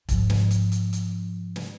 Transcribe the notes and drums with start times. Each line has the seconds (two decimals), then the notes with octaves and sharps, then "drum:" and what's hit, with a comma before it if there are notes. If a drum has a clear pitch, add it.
0.09 G#2 F3, drum: kick E1, hi-hat
0.30 drum: snare
0.51 drum: hi-hat
0.72 drum: hi-hat
0.93 drum: hi-hat
1.56 drum: snare